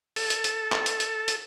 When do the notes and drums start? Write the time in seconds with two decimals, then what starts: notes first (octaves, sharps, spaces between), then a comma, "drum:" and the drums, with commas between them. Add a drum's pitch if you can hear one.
0.16 A4, drum: open hi-hat
0.30 drum: hi-hat
0.44 drum: hi-hat
0.72 drum: clap
0.86 drum: hi-hat
1.00 drum: hi-hat
1.28 drum: hi-hat